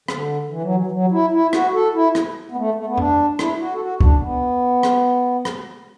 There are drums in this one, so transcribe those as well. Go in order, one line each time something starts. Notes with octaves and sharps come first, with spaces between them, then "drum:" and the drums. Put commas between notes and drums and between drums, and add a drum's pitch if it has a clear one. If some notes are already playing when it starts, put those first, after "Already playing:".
D3, drum: rim click
E3
F#3
E3
E3
F#3
E4
E4
F#4, drum: rim click
A4
E4
drum: rim click
B3
A3
A3
B3
D4, drum: tom F2
E4, drum: rim click
F#4
A4
F#4
D4, drum: kick
B3
drum: rim click
drum: rim click